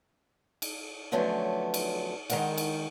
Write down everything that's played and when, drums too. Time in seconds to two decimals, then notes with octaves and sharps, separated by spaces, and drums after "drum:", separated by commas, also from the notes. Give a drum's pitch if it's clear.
0.62 drum: cymbal
1.12 D3 F3 F#3 A3 B3 C#4
1.74 drum: cymbal
2.30 D#3 G#3 A#4 F#5 G5, drum: cymbal
2.58 drum: cymbal